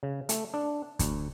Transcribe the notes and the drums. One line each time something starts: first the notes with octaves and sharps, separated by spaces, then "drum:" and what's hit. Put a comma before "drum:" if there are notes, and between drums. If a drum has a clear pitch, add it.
C#3
A3, drum: hi-hat
D4
D2, drum: kick, hi-hat